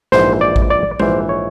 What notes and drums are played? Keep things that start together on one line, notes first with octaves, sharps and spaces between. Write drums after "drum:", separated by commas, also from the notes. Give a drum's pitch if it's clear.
A#1 G#2 E3 C5, drum: snare
D5
drum: kick A1
D5
A#1 G#2 E3 C5, drum: tom
C#5